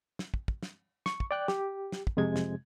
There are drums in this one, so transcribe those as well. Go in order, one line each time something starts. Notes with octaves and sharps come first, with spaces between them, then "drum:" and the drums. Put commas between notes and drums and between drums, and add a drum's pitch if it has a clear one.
drum: snare
drum: kick
drum: kick
drum: snare
C#6, drum: snare
drum: kick
D5 G5 F#6
G4, drum: snare
drum: snare
drum: kick
F2 C3 G#3 G#6
drum: snare